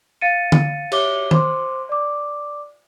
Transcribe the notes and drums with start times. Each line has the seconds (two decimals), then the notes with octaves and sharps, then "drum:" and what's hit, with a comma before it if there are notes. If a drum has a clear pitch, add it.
0.21 F5 A6 C#7 D#7
0.52 drum: tom D3
0.92 G4 C#5 E5 D6 G7, drum: cymbal
1.31 C5 C6 D6, drum: tom
1.89 D5 D6